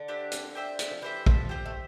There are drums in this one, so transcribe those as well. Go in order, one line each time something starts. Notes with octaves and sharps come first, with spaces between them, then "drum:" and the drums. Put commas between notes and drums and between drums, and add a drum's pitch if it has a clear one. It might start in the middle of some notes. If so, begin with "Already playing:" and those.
Already playing: D3
D4 G4 C5 E5
drum: hi-hat
G4 C5 E5 G5
drum: hi-hat
F3
E3 G4 C5 E5 G5
F3, drum: kick
G4 C5 E5 G5
A3